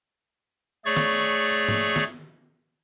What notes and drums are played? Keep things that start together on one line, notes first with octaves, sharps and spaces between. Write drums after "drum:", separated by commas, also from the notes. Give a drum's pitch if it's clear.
A3 G#4 C#5 D5 C#6
drum: snare
drum: tom G#2
drum: snare